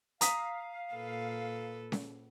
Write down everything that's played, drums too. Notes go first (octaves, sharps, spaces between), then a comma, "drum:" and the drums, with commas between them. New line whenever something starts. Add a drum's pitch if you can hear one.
F5 A#5 D#6 B6, drum: hi-hat
A#2 A4 B4
drum: snare C#4